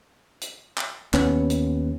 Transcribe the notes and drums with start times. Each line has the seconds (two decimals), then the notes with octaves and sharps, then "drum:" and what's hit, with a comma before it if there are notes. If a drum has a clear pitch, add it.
0.41 drum: hi-hat
0.78 drum: clap
1.14 D#2 B3 C#4, drum: clap
1.50 drum: hi-hat